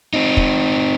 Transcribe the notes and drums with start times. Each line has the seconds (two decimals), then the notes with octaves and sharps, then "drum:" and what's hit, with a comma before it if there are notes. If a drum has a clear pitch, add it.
0.14 C4 D#4
0.37 drum: kick